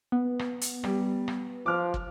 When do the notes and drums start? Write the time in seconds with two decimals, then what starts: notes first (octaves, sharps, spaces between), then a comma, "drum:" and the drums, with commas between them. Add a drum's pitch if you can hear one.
0.12 B3
0.39 drum: rim click
0.61 drum: hi-hat
0.84 G3, drum: rim click
1.28 drum: rim click
1.66 F3 D6 F6
1.94 drum: kick